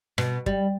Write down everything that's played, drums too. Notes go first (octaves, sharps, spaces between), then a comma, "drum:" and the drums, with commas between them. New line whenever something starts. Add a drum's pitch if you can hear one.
B2, drum: rim click
G3, drum: kick